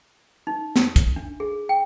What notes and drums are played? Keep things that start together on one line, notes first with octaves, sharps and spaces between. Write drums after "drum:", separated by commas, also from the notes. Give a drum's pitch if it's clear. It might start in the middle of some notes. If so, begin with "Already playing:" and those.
D#4
drum: snare
drum: kick, hi-hat
D4
G#4
G5